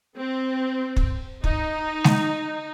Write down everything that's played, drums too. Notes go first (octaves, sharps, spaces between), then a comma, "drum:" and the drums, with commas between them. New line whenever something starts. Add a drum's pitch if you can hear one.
C4
drum: kick
D#4, drum: kick
drum: snare